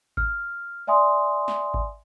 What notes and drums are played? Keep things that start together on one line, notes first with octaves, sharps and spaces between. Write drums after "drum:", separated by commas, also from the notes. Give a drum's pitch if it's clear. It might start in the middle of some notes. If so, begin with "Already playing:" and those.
F6, drum: kick G#1
D5 E5 G#5 C6 D#6
drum: snare
drum: kick G#1